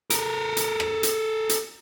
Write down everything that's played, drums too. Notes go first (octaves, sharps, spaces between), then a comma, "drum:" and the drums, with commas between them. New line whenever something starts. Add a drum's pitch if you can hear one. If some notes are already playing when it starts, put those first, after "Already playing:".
A4 A#4, drum: hi-hat
drum: hi-hat
drum: rim click
drum: hi-hat
drum: hi-hat